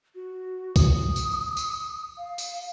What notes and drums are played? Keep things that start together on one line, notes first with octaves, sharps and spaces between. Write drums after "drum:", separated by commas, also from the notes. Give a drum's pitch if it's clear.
F#4
D#6, drum: kick C2, tambourine
drum: tambourine
drum: tambourine
F5
drum: tambourine